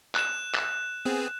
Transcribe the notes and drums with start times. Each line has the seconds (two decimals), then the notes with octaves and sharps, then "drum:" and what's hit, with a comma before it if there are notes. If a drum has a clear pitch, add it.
0.15 F#6 E7, drum: clap
0.55 drum: clap
1.05 B3 C4 G#4